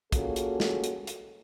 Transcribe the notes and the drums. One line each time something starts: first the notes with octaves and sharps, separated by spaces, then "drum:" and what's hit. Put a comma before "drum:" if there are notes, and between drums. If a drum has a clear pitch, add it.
A#3 C#4 F4 F#4 G#4 A4, drum: kick, hi-hat
drum: hi-hat
drum: snare
drum: hi-hat
drum: hi-hat